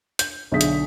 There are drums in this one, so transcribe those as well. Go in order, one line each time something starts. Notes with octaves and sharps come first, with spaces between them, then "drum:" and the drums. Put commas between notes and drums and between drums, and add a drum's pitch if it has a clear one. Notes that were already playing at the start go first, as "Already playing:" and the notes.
G6, drum: hi-hat
B1 D3 G#4 E5 D#6 B6
drum: hi-hat